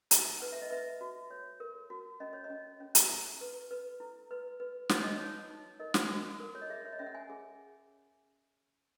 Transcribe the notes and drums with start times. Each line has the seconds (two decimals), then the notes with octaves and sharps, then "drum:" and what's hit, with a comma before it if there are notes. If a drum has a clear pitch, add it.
0.11 D#4, drum: hi-hat
0.40 B4 F#5
0.52 E5
0.62 D#5
0.71 B4 E5
1.01 F#4
1.30 C#5
1.60 A#4
1.90 F#4
2.20 C#4 D#5
2.33 C#5
2.44 D#5
2.50 C#4
2.80 C#4
2.95 drum: hi-hat
3.10 E4
3.41 B4
3.71 B4
4.00 E4
4.31 B4
4.60 B4
4.89 D#4 C#5, drum: snare
5.03 D#5
5.16 D#4 C#5
5.50 D#4
5.80 A#4 D#5
5.94 drum: snare
6.10 F#4
6.40 A#4
6.55 C#5
6.61 D#5
6.70 G#4 E5
6.85 C#5
6.92 D#5
6.99 C#4 E5
7.06 F#5
7.15 G#5
7.30 G#4